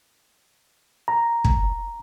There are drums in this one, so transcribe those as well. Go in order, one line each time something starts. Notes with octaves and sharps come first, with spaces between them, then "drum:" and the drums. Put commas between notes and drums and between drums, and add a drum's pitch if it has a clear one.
A#5
drum: kick